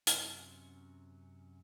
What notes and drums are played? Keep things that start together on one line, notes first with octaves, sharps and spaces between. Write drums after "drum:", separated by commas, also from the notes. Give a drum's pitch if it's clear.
F#2 C3 F#3 C#4, drum: hi-hat